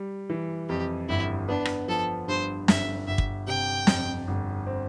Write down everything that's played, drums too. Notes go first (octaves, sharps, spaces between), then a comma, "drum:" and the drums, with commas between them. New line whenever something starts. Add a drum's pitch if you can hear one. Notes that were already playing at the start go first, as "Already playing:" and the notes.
Already playing: G3
E3
F2 G4
G1 E4
B3 D4
drum: rim click
F3 A4
G2 C5
G1 E5, drum: snare
G1 E5
drum: kick
C3 G5
F2, drum: snare
G1
C4